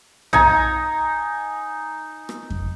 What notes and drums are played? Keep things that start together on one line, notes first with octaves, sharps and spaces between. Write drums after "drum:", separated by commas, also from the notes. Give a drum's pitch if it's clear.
D#4 G#5 A#5, drum: tom
drum: rim click
drum: kick F2